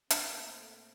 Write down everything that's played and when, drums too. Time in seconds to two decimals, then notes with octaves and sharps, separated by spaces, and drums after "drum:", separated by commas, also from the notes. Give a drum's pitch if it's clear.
0.10 A#2 A3 C4 A4, drum: hi-hat